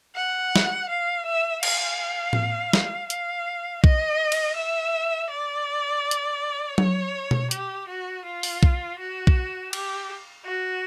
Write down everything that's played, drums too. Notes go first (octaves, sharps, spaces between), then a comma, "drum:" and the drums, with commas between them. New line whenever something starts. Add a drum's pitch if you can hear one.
F#5
drum: snare
F5
E5
F5, drum: cymbal
drum: tom A2
drum: snare
F5, drum: hi-hat
D#5, drum: kick B1
drum: cymbal
E5
D5
drum: hi-hat
C#5, drum: tom F#3
drum: tom B2
G4, drum: hi-hat
F#4
F4
drum: open hi-hat
drum: kick B1
F#4
drum: kick B1
G4, drum: cymbal
F#4